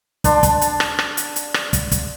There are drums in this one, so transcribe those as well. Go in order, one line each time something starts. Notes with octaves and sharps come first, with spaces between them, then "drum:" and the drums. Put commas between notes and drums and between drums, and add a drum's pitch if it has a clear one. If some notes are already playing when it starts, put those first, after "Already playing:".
D4 A5 C6, drum: kick, hi-hat
drum: kick, hi-hat
drum: hi-hat
drum: rim click
drum: rim click
drum: hi-hat
drum: hi-hat
drum: rim click
drum: kick, hi-hat
drum: kick, hi-hat